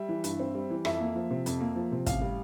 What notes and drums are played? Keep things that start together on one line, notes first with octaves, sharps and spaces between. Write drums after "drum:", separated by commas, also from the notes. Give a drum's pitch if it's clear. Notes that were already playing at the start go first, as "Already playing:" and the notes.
Already playing: G3 E5
E3
G2, drum: hi-hat
C4
G3
E3
F2 E5, drum: rim click
A#3
F3
C3
F2, drum: hi-hat
A#3
F3
C3
A1 F5, drum: kick, hi-hat
G3